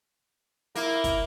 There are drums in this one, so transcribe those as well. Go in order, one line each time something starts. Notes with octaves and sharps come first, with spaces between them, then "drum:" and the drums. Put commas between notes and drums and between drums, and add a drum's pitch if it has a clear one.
A#3 E4, drum: hi-hat
drum: kick, hi-hat